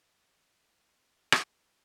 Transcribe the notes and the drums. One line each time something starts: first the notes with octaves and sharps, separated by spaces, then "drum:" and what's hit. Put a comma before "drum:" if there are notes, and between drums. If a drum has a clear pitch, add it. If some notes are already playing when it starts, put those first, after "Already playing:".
G3 B4
drum: rim click